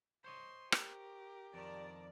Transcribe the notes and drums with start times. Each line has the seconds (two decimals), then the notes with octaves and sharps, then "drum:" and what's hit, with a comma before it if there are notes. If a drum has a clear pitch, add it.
0.24 C5 C#5 D#5 C6
0.72 G4 A#4, drum: rim click
1.54 F2 D#3 A#4 D5 A5